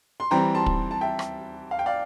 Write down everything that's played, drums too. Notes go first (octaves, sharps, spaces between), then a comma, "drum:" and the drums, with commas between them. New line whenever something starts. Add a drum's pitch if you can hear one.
C6
E3 G3 C4 G5 A#5
A5 C6
drum: kick
A5
E5 G5
drum: rim click
F5
G5
D5 F5